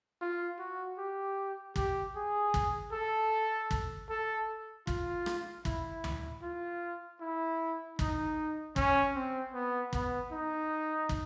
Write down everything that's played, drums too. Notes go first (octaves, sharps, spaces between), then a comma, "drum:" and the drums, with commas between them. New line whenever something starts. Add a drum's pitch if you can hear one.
F4
F#4
G4
G4, drum: kick
G#4
drum: kick
A4
drum: kick
A4
F4, drum: kick
drum: rim click
E4, drum: kick
drum: tom D2
F4
E4
D#4, drum: kick
C#4, drum: kick
C4
B3
B3, drum: kick
D#4
drum: kick